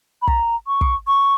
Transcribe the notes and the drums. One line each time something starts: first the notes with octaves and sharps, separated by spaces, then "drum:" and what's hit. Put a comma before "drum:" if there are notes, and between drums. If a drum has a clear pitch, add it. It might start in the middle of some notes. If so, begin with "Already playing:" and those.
B5
A#5, drum: kick
C#6
drum: kick
C#6